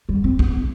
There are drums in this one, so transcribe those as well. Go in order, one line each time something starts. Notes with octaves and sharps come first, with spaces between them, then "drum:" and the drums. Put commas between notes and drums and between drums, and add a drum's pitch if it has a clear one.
G3
C4
B3, drum: kick A#1